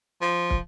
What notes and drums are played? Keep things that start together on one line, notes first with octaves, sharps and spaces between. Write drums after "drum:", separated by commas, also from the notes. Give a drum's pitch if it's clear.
F3
drum: kick